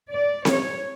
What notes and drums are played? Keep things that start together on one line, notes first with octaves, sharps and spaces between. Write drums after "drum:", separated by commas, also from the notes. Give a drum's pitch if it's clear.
D5
C#5, drum: snare C4